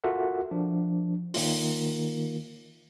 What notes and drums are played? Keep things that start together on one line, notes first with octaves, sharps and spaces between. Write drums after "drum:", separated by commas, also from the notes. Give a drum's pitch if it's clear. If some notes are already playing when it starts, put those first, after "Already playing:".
F4 F#4 A4 A#4 E5 F#5
F3 D4
D#3 A#3 F4, drum: open hi-hat